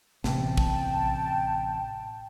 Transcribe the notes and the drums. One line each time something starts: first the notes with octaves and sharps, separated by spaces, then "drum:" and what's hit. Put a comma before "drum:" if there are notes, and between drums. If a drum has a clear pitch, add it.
A1 C3 G5 A5, drum: snare
drum: kick